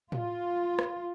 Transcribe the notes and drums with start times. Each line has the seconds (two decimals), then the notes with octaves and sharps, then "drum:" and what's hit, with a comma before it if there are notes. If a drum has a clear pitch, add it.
0.12 F4, drum: tom A2
0.79 drum: rim click